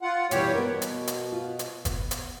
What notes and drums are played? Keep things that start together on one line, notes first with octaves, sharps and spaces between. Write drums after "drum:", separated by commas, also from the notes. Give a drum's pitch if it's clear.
F4 F#5
B2 E3 G3 G4 C#5, drum: hi-hat
B2 B3 A#4
drum: hi-hat
drum: hi-hat
F4
drum: hi-hat
B3, drum: kick F#1, hi-hat
drum: hi-hat